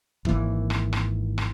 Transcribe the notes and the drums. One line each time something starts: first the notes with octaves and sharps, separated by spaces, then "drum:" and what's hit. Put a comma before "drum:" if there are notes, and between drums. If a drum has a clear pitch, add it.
G#1 E3 A#3, drum: kick
drum: rim click
drum: rim click
drum: rim click